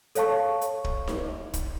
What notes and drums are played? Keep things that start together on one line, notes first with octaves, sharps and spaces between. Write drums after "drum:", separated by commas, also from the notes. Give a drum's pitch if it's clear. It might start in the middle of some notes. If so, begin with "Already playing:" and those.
A4 C#5 F5 A5 C#6, drum: hi-hat
drum: hi-hat
drum: kick
drum: snare D#4
drum: kick, hi-hat